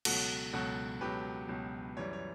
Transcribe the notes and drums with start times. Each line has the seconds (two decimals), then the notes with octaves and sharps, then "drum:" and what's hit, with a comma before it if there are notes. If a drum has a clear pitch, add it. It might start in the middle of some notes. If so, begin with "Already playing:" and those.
0.05 C#2 B2 F#3 F#4 A4, drum: cymbal
0.53 C#2 B2 F#3 F#4 A4
1.01 C#2 B2 F#3 G4 B4
1.48 C#2 B2 F#3
1.97 F#2 E3 G3 C#5
2.13 C#5